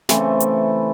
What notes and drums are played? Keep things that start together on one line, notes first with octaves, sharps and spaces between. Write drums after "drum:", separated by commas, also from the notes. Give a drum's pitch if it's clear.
C#3 E3 A3 C4, drum: snare
drum: hi-hat